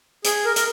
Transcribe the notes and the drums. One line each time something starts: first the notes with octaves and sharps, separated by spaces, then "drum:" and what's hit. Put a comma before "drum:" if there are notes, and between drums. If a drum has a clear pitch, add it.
G#4, drum: hi-hat
A#4
A#4, drum: hi-hat